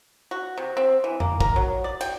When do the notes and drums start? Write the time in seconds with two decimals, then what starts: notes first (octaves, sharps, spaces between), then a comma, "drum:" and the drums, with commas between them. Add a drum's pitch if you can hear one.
0.31 F#4
0.58 C3
0.77 C4
1.04 E3
1.20 A#3, drum: tom F2
1.40 A#4, drum: kick
1.56 F#3
1.84 D5
2.01 G5, drum: cymbal